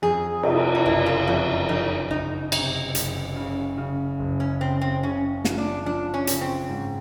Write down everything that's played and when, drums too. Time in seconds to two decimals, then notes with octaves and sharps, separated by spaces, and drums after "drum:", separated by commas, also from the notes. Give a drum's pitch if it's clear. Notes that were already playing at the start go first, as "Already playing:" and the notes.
0.02 F2 G#4
0.43 C3, drum: cymbal
0.75 D#4
0.85 F#1 E4
1.06 F4
1.27 F2 F#4
1.69 F2 D#4
2.10 F#1 D#4
2.52 C3 D#4, drum: cymbal
2.95 F#1, drum: hi-hat
3.36 C#3
3.77 C#3
4.19 F#1
4.40 C#4
4.60 C#3 C4
4.81 C4
5.03 C#3 C#4
5.45 F3, drum: snare
5.58 D4
5.86 F3 D4
6.14 C#4
6.27 C#3, drum: hi-hat
6.41 C4
6.70 G#2